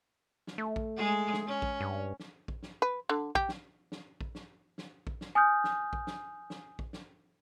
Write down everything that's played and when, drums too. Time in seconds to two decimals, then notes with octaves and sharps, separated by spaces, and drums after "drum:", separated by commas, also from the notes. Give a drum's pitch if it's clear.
0.47 drum: snare
0.58 A3
0.76 drum: kick A#1
0.97 G#3 G#4
1.33 drum: snare
1.48 C#4
1.62 drum: kick A#1
1.81 G2
2.20 drum: snare
2.48 drum: kick A#1
2.63 drum: snare
2.82 B4
3.09 D3
3.35 G4, drum: kick A#1
3.49 drum: snare
3.92 drum: snare
4.21 drum: kick A#1
4.35 drum: snare
4.78 drum: snare
5.07 drum: kick A#1
5.21 drum: snare
5.35 G#5 D#6 F6 G6
5.64 drum: snare
5.93 drum: kick A#1
6.07 drum: snare
6.50 drum: snare
6.79 drum: kick A#1
6.93 drum: snare